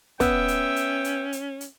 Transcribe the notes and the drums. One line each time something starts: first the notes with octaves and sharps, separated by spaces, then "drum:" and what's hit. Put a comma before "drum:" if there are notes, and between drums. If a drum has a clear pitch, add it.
B3 C#4 E5 G5, drum: kick, hi-hat
drum: hi-hat
drum: hi-hat
drum: hi-hat
drum: hi-hat
drum: hi-hat